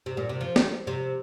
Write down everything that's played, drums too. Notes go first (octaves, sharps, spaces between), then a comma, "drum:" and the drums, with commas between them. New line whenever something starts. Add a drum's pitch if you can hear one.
C3
A#2
C3
F3
drum: snare
C3